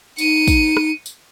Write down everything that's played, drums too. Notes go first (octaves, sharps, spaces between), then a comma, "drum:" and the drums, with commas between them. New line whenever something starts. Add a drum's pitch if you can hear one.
D#4 C#7 D#7, drum: tambourine
drum: kick, tambourine
drum: rim click
drum: tambourine